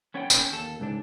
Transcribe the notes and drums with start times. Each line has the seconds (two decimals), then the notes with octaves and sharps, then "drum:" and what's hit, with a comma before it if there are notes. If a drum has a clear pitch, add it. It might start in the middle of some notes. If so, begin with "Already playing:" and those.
0.14 B3 C#4 C#5 D5 F#5 G5
0.30 C#4 G5, drum: tambourine
0.52 D#2 A4
0.80 C#2 G#2 D4